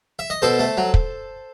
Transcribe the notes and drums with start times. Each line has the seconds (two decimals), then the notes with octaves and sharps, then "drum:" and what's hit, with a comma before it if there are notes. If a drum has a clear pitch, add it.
0.19 E5
0.30 D#5
0.42 B2 A4 C5
0.59 A3
0.77 F#3
0.94 drum: kick